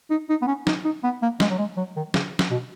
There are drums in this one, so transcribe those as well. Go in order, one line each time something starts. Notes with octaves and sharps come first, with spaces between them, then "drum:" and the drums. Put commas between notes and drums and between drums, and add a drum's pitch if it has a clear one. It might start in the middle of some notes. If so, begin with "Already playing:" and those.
D#4
D#4
B3
C#4
D#4, drum: snare
D#4
B3
A#3
G#3, drum: snare
F#3
G#3
F#3
D#3
C#3, drum: snare
drum: snare
B2